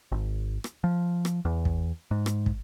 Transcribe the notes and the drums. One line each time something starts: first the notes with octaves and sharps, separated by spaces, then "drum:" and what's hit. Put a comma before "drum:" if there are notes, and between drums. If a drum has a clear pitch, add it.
G#1
drum: rim click
F3
drum: rim click
E2
drum: kick
G#2
drum: rim click
drum: kick